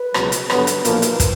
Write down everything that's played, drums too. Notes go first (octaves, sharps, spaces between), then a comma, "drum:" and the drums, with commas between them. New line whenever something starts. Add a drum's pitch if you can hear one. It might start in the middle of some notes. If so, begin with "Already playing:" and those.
Already playing: B4
C#2 B2 F#3, drum: rim click
drum: hi-hat
G2 D3 F#3 B3, drum: rim click
drum: hi-hat
B1 A#2 F3 A#3, drum: hi-hat
drum: hi-hat
drum: kick, hi-hat